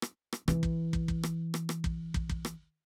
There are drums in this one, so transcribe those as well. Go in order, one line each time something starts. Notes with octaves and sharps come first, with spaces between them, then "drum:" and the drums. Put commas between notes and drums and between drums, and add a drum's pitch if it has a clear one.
drum: rim click
drum: rim click
E3 E4, drum: rim click
drum: kick
drum: kick
drum: kick
drum: rim click
drum: rim click
drum: rim click
drum: kick
drum: kick
drum: kick
drum: rim click